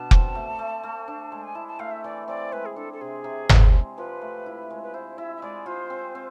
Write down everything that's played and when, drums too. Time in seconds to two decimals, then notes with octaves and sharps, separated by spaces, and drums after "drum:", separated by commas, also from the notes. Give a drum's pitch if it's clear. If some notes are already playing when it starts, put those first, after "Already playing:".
Already playing: B2 D4 A5
0.11 C4, drum: kick F1
0.35 A3
0.59 A3
0.83 A3
1.08 D4
1.32 G#3
1.43 G#5
1.55 E4 A5
1.68 A5
1.79 A3 F5
1.91 E5
2.04 E3 D5
2.28 C4 D5
2.52 G#3 B4
2.66 G#4
2.76 D4 A4
2.93 A4
3.01 C3 G#4
3.24 C3
3.49 C4, drum: tom G1
3.73 G#3
3.97 F3 B4
4.21 A3
4.46 E4
4.70 G#3
4.83 B4
4.94 E4 C5
5.18 E4 E5
5.36 E5
5.42 G#3 D5
5.66 F4 C5
5.90 C4
6.15 C4